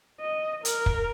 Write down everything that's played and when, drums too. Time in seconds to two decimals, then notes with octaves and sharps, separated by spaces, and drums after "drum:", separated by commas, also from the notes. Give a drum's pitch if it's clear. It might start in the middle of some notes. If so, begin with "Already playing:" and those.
0.21 D#5
0.65 A#4, drum: hi-hat
0.86 drum: kick